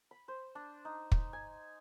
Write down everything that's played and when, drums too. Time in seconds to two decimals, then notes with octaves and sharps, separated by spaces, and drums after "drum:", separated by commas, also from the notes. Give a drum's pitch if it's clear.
0.11 B5
0.28 C5
0.55 D4
0.85 D#4
1.12 drum: kick
1.33 G#5